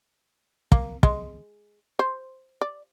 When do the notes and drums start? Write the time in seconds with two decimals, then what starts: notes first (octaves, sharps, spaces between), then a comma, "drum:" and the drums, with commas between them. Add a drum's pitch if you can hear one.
0.72 A#3, drum: kick
1.03 G#3, drum: kick
1.99 C5
2.61 D5